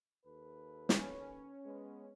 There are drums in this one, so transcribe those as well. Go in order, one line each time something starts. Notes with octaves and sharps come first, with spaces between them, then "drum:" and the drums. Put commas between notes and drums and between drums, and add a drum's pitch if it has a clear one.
D#2 A4 B4
C#4, drum: snare
G#3 B3